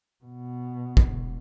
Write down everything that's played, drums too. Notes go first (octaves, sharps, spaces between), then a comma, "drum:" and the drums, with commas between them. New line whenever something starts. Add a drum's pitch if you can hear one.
B2
E1, drum: kick